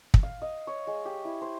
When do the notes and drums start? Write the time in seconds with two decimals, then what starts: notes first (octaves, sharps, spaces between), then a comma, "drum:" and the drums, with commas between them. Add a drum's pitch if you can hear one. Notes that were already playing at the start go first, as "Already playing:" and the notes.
0.14 drum: kick
0.23 F5
0.42 D#5
0.67 C#5
0.87 G#3
1.05 G4
1.25 E4
1.42 C5